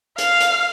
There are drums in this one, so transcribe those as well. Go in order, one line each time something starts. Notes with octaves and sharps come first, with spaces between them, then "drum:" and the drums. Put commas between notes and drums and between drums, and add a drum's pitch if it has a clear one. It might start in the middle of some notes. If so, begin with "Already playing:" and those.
F5, drum: hi-hat
drum: hi-hat